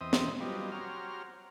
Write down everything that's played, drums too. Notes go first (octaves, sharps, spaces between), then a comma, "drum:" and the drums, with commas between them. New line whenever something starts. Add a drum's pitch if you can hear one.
E2 C4 C5 D#5 E5 D#6
drum: snare
F#3 G3 B3 F4 G4 D#5
F#4 G4 C5 C#5 A#5 F6